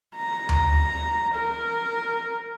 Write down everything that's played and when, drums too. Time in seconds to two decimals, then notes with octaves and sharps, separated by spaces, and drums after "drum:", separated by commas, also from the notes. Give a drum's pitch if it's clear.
0.16 A#5
0.49 drum: tom D2
1.35 A#4